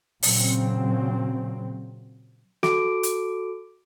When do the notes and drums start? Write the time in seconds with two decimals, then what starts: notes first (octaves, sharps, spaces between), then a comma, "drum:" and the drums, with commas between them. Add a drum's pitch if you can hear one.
0.23 A#2 C#3 F#3 C4, drum: open hi-hat
2.63 F#4 A4 D6 D7, drum: snare
3.03 drum: hi-hat